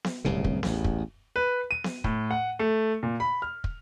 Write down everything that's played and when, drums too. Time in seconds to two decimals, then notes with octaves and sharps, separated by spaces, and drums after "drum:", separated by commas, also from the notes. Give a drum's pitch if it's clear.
0.04 drum: snare B3
0.25 D1 C2 G2 C#3
0.44 drum: kick
0.63 A1 E2, drum: snare B3
0.84 drum: kick
1.36 B4
1.71 D#7
1.84 drum: snare B3
2.04 A2, drum: kick
2.31 F#5
2.59 A3
3.03 A#2
3.20 B5
3.42 F6
3.64 drum: kick